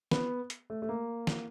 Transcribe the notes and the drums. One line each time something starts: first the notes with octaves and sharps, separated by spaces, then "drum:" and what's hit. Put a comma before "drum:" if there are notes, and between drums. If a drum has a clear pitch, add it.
B3, drum: snare
drum: hi-hat
A3
A3
A#3
drum: snare